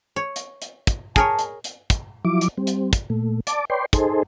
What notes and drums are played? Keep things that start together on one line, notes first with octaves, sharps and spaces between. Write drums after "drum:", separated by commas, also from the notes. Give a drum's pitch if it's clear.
C#5
drum: hi-hat
drum: hi-hat
drum: kick, hi-hat
G#4 A#4 C#5 A5, drum: kick
drum: hi-hat
drum: hi-hat
drum: kick, hi-hat
F3 F#3 E4 D6
drum: hi-hat
G3 C4
drum: hi-hat
drum: kick, hi-hat
A#2 A3
D5 A5 D6, drum: hi-hat
B4 C#5 D5 G5 C6
D#4 G#4 A4 C5, drum: kick, hi-hat